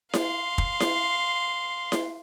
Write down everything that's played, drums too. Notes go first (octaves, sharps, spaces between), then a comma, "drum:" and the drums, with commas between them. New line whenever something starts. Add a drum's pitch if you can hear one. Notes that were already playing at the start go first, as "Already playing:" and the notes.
F5 C6, drum: snare E4
drum: kick
drum: snare E4
drum: snare E4